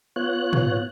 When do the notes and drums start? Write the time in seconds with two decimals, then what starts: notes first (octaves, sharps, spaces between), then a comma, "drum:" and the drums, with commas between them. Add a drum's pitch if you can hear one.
0.16 B3 F4 C#5 F#6
0.53 drum: tom